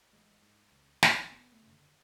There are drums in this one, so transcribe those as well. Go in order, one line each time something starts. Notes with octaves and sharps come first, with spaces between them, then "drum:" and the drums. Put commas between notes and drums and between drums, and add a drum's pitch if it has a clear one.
A1 G#3
G#2
C#2
B2, drum: snare
F#1 B3
A3
F#2 C#3
D3